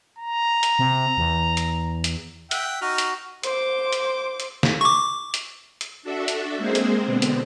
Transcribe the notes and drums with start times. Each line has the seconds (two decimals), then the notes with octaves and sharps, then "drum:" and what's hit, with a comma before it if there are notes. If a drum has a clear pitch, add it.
0.19 A#5
0.63 drum: hi-hat
0.79 C3
1.18 E2
1.57 drum: hi-hat
2.04 drum: hi-hat
2.51 E5 F#5 G5, drum: hi-hat
2.82 D#4 F#4 F6
2.98 drum: hi-hat
3.43 C5 D6, drum: hi-hat
3.93 drum: hi-hat
4.40 drum: hi-hat
4.63 drum: snare
4.81 C#6 D6
5.34 drum: hi-hat
5.81 drum: hi-hat
6.03 D4 F#4 A4 E5
6.28 drum: hi-hat
6.57 G#3 A#3 C4 G#4 C5
6.75 drum: hi-hat
7.05 B2 D3 B3 C4
7.22 drum: hi-hat